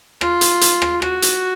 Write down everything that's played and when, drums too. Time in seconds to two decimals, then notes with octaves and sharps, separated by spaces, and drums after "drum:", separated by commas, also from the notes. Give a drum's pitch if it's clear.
0.21 F4, drum: rim click
0.41 drum: hi-hat
0.61 drum: hi-hat
0.82 drum: rim click
1.02 F#4, drum: rim click
1.22 drum: hi-hat